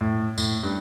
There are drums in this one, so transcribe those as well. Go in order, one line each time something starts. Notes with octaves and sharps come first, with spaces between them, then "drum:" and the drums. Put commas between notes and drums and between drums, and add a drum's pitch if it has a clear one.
A2
A2, drum: tambourine
G2